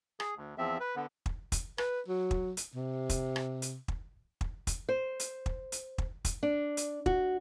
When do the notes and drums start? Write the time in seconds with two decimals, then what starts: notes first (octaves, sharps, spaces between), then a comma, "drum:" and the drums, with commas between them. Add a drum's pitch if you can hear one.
0.20 G#4, drum: rim click
0.37 D2
0.58 E2 F3 C4 E5
0.80 B4
0.96 D3 B3
1.26 drum: kick
1.52 drum: kick, hi-hat
1.78 B4, drum: rim click
2.08 F#3
2.31 drum: kick
2.57 drum: hi-hat
2.75 C3
3.09 drum: kick, hi-hat
3.36 drum: rim click
3.62 drum: hi-hat
3.88 drum: kick
4.41 drum: kick
4.67 drum: kick, hi-hat
4.89 C5
5.20 drum: hi-hat
5.46 drum: kick
5.72 drum: hi-hat
5.98 drum: kick
6.25 drum: kick, hi-hat
6.43 D4
6.77 drum: hi-hat
7.06 F#4, drum: kick